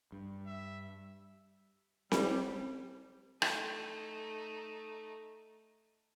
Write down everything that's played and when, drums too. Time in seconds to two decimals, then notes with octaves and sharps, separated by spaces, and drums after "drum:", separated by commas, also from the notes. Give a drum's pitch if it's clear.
0.12 G2
0.46 E5
2.12 G3, drum: snare C4
3.42 A3 D#4, drum: rim click